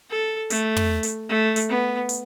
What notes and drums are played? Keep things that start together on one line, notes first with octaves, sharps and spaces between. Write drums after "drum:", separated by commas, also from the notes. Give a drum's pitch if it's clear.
A4
A3, drum: hi-hat
drum: tom
drum: hi-hat
A3
drum: hi-hat
B3
drum: hi-hat